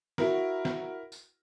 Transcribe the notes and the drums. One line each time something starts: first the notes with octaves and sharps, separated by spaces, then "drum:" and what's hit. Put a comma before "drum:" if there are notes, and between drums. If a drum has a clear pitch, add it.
E4 F#4 A#4, drum: snare
drum: snare
drum: tambourine